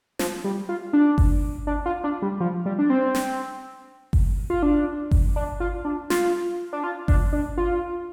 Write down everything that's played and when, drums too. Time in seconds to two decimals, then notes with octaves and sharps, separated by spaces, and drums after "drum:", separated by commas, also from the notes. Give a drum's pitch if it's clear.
0.19 F3, drum: snare
0.44 G3
0.69 F4
0.93 D4
1.18 drum: kick G1
1.67 D4
1.86 F4
2.04 D4
2.22 G3
2.40 F3
2.66 G3
2.79 D4
2.90 C4
3.15 drum: snare
4.13 drum: kick G1
4.50 F4
4.63 D4
5.11 drum: kick G1
5.36 D4
5.60 F4
5.85 D4
6.10 F4, drum: snare
6.73 D4
6.84 F4
7.08 D4, drum: kick G1
7.33 D4
7.58 F4